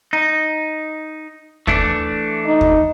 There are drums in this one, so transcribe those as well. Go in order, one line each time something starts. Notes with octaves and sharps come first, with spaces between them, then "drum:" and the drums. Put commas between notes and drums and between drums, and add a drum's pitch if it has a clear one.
D#4
E3 A3 D4, drum: kick D#2
D#4
drum: kick D#2